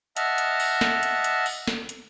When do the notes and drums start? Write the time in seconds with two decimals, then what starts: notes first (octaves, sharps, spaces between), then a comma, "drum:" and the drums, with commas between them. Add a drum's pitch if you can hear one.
0.17 D#5 E5 F#5 A5 F6, drum: hi-hat
0.38 drum: hi-hat
0.60 drum: open hi-hat
0.81 drum: snare
1.03 drum: hi-hat
1.24 drum: hi-hat
1.46 drum: open hi-hat
1.67 drum: snare
1.89 drum: hi-hat